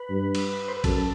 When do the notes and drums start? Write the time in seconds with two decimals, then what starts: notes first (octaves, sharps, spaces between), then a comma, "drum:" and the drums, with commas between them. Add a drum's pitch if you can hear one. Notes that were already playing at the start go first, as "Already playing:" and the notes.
Already playing: B4
0.10 G2
0.35 drum: cymbal
0.68 C5
0.77 B4
0.84 F#2 A4, drum: kick A#1, cymbal